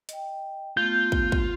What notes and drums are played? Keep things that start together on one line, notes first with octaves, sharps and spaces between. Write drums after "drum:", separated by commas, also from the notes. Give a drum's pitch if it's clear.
D#5 G5, drum: hi-hat
A3 B3 F4 G6
drum: kick
drum: kick